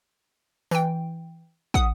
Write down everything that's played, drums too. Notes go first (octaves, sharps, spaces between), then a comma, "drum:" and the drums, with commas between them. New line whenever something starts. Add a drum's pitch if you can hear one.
E3 G5, drum: tambourine
F#5 D#6, drum: kick